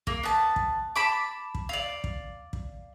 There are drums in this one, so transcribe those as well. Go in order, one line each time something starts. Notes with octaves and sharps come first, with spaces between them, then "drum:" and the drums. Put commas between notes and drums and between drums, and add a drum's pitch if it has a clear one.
A#3, drum: kick
B3 A5
drum: kick
A5 B5 D6
drum: kick
D5 F5
drum: kick
drum: kick